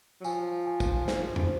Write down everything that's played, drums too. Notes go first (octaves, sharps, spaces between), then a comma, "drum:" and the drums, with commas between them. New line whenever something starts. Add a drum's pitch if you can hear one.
F#3
F3 G#5, drum: tambourine
G#5
drum: kick, tambourine
C5, drum: snare
drum: tom E2